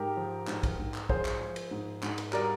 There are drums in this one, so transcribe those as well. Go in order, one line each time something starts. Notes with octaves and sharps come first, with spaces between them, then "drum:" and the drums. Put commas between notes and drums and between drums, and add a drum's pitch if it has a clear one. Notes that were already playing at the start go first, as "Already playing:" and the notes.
Already playing: G#2 G4 A#4
F3
G#2, drum: clap
drum: kick, cymbal
G#2
drum: clap
F3 G#4 C5, drum: kick
drum: clap
F3
drum: cymbal
G#2
G#2, drum: clap
drum: cymbal
G3 A#4 D5, drum: clap